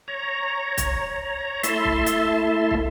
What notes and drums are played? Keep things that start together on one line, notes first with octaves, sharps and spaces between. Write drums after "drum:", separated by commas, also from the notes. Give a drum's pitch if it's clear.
C#5 A#5
drum: kick, hi-hat
A3 E4 E5 A5 C6, drum: hi-hat
drum: kick
drum: hi-hat
drum: kick